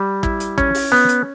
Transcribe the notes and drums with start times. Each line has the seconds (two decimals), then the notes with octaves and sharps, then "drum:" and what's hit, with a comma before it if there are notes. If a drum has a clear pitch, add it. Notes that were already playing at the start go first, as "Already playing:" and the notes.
Already playing: G3
0.23 E4, drum: kick
0.40 drum: hi-hat
0.58 C#4, drum: kick
0.75 drum: open hi-hat
0.92 B3
1.09 drum: hi-hat